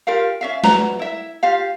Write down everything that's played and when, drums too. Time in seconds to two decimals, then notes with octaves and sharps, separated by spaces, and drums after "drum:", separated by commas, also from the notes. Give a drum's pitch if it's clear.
0.07 F4 G4 A#4 F5
0.41 C#4 E5 F5
0.64 F#4 B4 A#5, drum: snare
0.99 E4 E5
1.43 F4 G4 F5